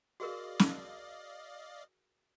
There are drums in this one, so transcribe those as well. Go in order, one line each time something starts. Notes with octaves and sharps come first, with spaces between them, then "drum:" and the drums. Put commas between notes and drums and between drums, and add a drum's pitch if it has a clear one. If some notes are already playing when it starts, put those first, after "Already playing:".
F#4 G#4 A#4 D5 D#5 F5
drum: snare